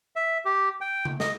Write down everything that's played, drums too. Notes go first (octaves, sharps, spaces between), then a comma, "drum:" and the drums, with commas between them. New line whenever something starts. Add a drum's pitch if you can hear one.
E5
G4
G5
drum: tom C#3
D#5, drum: snare